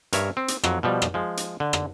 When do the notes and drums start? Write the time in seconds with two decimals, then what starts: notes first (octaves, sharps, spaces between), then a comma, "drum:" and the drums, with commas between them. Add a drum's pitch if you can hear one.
0.13 G2 A#4 C#5 E5, drum: hi-hat
0.37 C4
0.48 drum: hi-hat
0.64 F2 F#3, drum: rim click
0.83 B2 F3 G3
1.02 drum: rim click
1.14 F3 G#3
1.37 drum: hi-hat
1.60 D3
1.73 drum: rim click